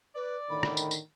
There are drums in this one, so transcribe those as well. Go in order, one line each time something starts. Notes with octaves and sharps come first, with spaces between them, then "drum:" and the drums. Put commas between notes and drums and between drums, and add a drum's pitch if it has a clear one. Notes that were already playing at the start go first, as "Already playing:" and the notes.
B4 D5
A2 D3 D#3 B5
drum: rim click
drum: tambourine
drum: tambourine